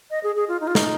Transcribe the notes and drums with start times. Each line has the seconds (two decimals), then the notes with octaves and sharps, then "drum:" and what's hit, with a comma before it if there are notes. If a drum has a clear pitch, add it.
0.11 D#5
0.23 G#4
0.36 G#4
0.48 F4
0.61 D#4
0.67 F4
0.75 D#4, drum: snare